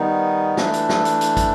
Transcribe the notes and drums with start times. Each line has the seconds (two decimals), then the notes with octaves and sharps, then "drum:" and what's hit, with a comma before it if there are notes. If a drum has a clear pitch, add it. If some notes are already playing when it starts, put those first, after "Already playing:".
Already playing: D#3 G3 B3 D#4
0.57 E3 A3 D4, drum: snare
0.73 drum: hi-hat
0.89 drum: snare
1.05 drum: hi-hat
1.21 drum: hi-hat
1.37 drum: kick, hi-hat